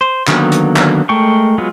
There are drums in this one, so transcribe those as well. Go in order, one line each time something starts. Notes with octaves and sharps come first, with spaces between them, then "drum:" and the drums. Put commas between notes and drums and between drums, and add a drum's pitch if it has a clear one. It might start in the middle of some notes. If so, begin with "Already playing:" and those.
C5
D3 D#3 F#3 A#3 B3, drum: clap
drum: hi-hat
drum: clap
G#3 A3 A#4 G5 C#6
F#3 G#3 B3 F4